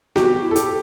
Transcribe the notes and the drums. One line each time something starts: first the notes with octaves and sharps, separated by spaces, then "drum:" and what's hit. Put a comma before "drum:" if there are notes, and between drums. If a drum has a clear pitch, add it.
F#4 G4, drum: snare B3
E4
A4
G4, drum: hi-hat